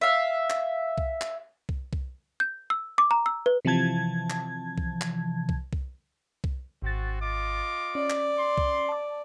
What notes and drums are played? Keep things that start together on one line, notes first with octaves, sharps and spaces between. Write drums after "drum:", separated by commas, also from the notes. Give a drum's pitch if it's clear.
E5 F5
drum: clap
drum: kick C2
drum: clap
drum: kick C2
drum: kick C2
G6
E6
D6
A#5
E6
B4
C3 E3 F3 A5 G#6
drum: clap
drum: kick C2
drum: clap
drum: kick C2
drum: kick C2
drum: kick C2
G#1 C4 F#4 A6
F4 D#5 D6
C#4 D5
drum: clap
C6
drum: kick C2
A5 D6